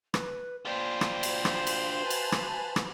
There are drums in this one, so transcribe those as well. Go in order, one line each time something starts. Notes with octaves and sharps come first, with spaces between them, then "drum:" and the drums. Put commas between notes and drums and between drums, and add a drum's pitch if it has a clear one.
B4, drum: rim click
D4 F4 C5 G5
drum: rim click
drum: cymbal
drum: rim click
drum: cymbal
B4 G#5 A5
drum: cymbal
drum: rim click
drum: rim click